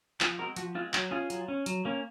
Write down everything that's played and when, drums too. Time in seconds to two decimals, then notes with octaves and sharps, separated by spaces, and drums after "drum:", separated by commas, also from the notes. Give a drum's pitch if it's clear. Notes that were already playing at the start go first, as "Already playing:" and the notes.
0.21 F3 F4 G#4, drum: clap
0.38 G#3 C4 F#4 A#4
0.56 F3 F#4, drum: hi-hat
0.75 G#3 C4 F4
0.93 F#3 F#4, drum: clap
1.11 C#4 F4 G#4
1.30 F#3, drum: hi-hat
1.48 C#4
1.66 F#3, drum: hi-hat
1.85 A#3 C#4